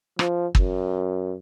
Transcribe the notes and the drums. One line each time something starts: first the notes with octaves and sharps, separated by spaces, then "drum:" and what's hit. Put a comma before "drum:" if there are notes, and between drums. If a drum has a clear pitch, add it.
F3, drum: rim click
F#2, drum: kick